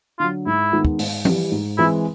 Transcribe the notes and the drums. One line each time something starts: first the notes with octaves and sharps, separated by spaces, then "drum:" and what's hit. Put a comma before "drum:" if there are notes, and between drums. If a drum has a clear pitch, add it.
D3 F#3 F4
G#2 E4
D#3 G#3 B3
drum: kick
G#2, drum: open hi-hat
E3 G3, drum: tom F3
G#2
E3 G#3 C4 E4